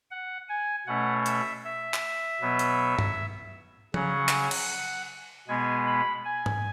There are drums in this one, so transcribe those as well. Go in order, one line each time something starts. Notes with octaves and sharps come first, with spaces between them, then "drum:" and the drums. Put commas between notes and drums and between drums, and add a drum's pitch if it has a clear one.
F#5
G#5
B2 A3 C#4 F#5
E5, drum: hi-hat
E5
drum: clap
B2 F#3 B3
drum: hi-hat
drum: tom G2
C#3 F#3 C#4 F#5, drum: tom F3
drum: clap
drum: cymbal
B2 G#3 B3 G#5
B5
G#5
drum: tom G#2